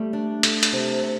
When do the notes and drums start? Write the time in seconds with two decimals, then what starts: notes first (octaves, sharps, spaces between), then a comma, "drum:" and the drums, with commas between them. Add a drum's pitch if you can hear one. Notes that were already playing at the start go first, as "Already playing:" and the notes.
Already playing: G3 A3 A4
0.13 D4
0.43 A4, drum: hi-hat
0.63 drum: hi-hat
0.73 C3
1.03 C3